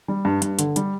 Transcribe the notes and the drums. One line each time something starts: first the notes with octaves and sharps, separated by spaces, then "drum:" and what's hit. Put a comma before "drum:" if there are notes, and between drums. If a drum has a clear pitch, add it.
G3
G2
G2, drum: hi-hat
D3, drum: hi-hat
G3, drum: hi-hat